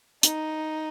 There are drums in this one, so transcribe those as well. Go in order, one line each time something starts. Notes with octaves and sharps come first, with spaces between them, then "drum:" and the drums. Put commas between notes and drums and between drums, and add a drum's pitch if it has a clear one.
D#4, drum: hi-hat